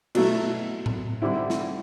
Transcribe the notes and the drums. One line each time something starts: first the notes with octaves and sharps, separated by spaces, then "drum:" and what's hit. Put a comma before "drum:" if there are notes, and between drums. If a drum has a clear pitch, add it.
B2 F#3 A3 E4, drum: cymbal
drum: tom A2
D3 G3 C4 E4
drum: snare